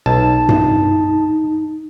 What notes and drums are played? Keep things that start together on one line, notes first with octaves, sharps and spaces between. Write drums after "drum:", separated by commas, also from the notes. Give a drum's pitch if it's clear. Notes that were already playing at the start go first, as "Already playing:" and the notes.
B1 D#4 A5
drum: tom G2